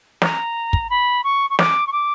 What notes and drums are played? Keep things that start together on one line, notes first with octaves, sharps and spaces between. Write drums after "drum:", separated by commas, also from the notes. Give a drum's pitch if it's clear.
A#5, drum: snare
drum: kick
B5
C#6
C#6
D6, drum: snare
C#6
D6